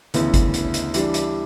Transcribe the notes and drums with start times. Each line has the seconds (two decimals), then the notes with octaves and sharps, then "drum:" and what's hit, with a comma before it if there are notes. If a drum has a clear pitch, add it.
0.14 D2 C#3 E3 B3, drum: hi-hat
0.34 drum: kick G#1, hi-hat
0.54 drum: hi-hat
0.74 drum: hi-hat
0.94 E3 G3 D4, drum: hi-hat
1.14 drum: hi-hat